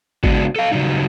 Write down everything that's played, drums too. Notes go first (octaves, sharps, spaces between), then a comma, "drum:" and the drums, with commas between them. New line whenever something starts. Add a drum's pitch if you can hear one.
C#3 G#3 B3 D4 F#4, drum: kick G#1
A4 F5
C#3 F#3 G3 D#4